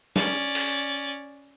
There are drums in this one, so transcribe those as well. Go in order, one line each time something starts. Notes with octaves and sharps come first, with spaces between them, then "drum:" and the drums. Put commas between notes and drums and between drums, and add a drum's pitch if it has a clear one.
C#4 D5, drum: snare
drum: open hi-hat